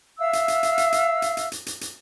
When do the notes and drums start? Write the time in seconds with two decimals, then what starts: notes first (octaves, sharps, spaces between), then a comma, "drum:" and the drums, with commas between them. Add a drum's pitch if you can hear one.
0.18 E5 F5 E6
0.33 drum: hi-hat
0.48 drum: hi-hat
0.63 drum: hi-hat
0.78 drum: hi-hat
0.92 drum: hi-hat
1.22 drum: hi-hat
1.37 drum: hi-hat
1.52 drum: hi-hat
1.66 drum: hi-hat
1.81 drum: hi-hat